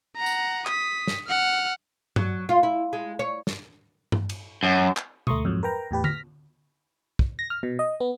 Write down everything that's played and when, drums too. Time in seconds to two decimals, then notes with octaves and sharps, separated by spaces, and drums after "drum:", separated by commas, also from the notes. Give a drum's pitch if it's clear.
0.16 F#5 A#5
0.26 drum: tambourine
0.67 D#6 B6, drum: clap
1.07 drum: snare
1.28 F#5 F6
2.16 F#3, drum: tom G2
2.49 F4
2.63 E4
2.93 G#3
3.19 C#5
3.47 drum: snare
4.12 drum: tom G2
4.29 drum: cymbal
4.63 F#2
4.97 drum: clap
5.27 D2 A3 A#5 C6 C#6 D#6, drum: tom B2
5.45 F2 G#2 F#3
5.63 A#4 B4 G5 A#5
5.91 E2 A2 G4 B4
6.04 F6 A#6 B6, drum: tom D3
7.19 drum: kick
7.39 A#6
7.50 F6
7.63 B2
7.79 D#5
8.00 B3